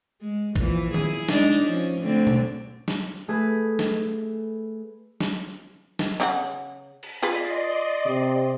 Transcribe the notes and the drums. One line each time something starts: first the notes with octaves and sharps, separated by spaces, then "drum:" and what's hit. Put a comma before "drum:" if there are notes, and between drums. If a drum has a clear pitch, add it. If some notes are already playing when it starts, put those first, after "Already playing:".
G#3
A#2 E3 F3, drum: kick
E4 G#4, drum: tom D#3
G#3 D4 D#4, drum: snare
F3 C#4
D3 A3 C4
drum: tom B2
drum: snare
A3 G#4 B4
drum: snare
drum: snare
drum: snare
C#3 D#4 F#5
drum: cymbal
F4 G#4 B4 D5 D#5 C6
drum: hi-hat
C3